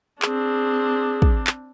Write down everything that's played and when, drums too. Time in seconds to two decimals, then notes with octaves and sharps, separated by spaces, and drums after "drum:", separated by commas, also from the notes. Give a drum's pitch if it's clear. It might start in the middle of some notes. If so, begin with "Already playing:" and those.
0.22 C4 D4 G#4, drum: clap
1.22 drum: kick
1.47 drum: clap